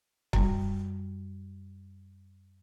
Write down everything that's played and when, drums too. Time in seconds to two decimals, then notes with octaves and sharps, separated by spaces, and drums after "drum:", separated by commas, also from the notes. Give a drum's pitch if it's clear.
0.33 F#2 G3, drum: kick C#1